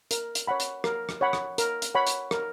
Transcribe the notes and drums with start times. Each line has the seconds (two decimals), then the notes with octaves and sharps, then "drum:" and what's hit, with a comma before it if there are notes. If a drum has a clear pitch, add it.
0.11 A#4, drum: hi-hat
0.35 drum: hi-hat
0.47 C#5 F#5 B5
0.60 drum: hi-hat
0.84 A#4, drum: rim click
1.09 drum: rim click
1.21 C#5 F#5 B5
1.33 drum: rim click
1.58 A#4, drum: hi-hat
1.82 drum: hi-hat
1.95 C#5 F#5 B5
2.07 drum: hi-hat
2.31 A#4, drum: rim click